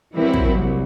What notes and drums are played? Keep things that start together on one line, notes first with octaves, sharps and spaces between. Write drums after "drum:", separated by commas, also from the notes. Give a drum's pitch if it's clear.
E3 F#3 G3 A#3 C4 E4
drum: kick
C2